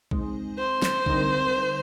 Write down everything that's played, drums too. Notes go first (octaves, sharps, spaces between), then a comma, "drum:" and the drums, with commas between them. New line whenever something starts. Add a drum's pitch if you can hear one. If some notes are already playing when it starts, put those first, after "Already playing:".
G#3 C4 D#4, drum: kick B1
C5
drum: snare
D3 G3 C4 D#4 A#4, drum: kick B1